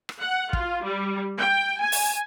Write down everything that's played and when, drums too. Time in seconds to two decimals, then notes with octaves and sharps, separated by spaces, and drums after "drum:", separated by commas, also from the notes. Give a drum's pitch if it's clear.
0.09 drum: rim click
0.20 F#5
0.53 F4, drum: kick
0.83 G3
1.39 G5
1.80 G#5
1.92 drum: open hi-hat